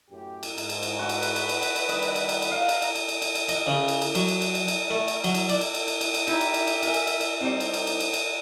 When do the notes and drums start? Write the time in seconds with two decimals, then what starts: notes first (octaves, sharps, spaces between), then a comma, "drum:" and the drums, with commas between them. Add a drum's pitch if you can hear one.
0.11 F#2 A2 G4
0.43 drum: cymbal
0.58 G#2, drum: cymbal
0.69 drum: cymbal
0.83 drum: cymbal
0.99 F#4 B4
1.09 drum: cymbal
1.22 drum: cymbal
1.36 drum: cymbal
1.49 drum: cymbal
1.62 drum: cymbal
1.76 drum: cymbal
1.89 D#3 G3 D#5, drum: cymbal
2.02 drum: cymbal
2.15 drum: cymbal
2.29 drum: cymbal
2.42 drum: cymbal
2.51 F5 A#5 F#6
2.69 drum: cymbal
2.82 drum: cymbal
2.95 drum: cymbal
3.08 drum: cymbal
3.22 drum: cymbal
3.35 drum: cymbal
3.48 D#5, drum: cymbal
3.67 C#3
3.88 drum: cymbal
4.02 drum: cymbal
4.15 F#3, drum: cymbal
4.28 drum: cymbal
4.41 drum: cymbal
4.55 drum: cymbal
4.68 drum: cymbal
4.90 A3
5.08 drum: cymbal
5.24 F#3, drum: cymbal
5.34 drum: cymbal
5.49 D5, drum: cymbal
5.61 drum: cymbal
5.74 drum: cymbal
5.88 drum: cymbal
6.01 drum: cymbal
6.14 drum: cymbal
6.27 D#4 E4 G4 E5, drum: cymbal
6.41 drum: cymbal
6.54 drum: cymbal
6.67 drum: cymbal
6.83 A#4 G#5, drum: cymbal
6.94 drum: cymbal
7.07 drum: cymbal
7.20 drum: cymbal
7.41 G3 C4 D#4 E4 C5 C#5
7.60 drum: cymbal
7.74 drum: cymbal
7.87 drum: cymbal
8.00 drum: cymbal
8.13 drum: cymbal